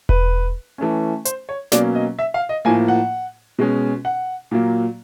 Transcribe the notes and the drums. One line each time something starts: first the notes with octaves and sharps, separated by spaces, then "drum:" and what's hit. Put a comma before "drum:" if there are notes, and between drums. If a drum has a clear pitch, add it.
B4, drum: kick E1
E3 A3 C#4
C5, drum: hi-hat
C#5
B2 F#3 A#3 C#4 D5, drum: snare
D#5
E5
F5
D#5
A2 F3 A#3 G#5
F#5
B2 G#3 C#4
F#5
A#2 F#3 A#3